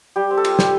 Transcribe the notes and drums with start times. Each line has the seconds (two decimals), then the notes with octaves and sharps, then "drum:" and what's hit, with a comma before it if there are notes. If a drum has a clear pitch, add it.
0.16 G3 G4
0.31 C4
0.37 A4
0.45 F4, drum: cymbal
0.59 G3 G4, drum: snare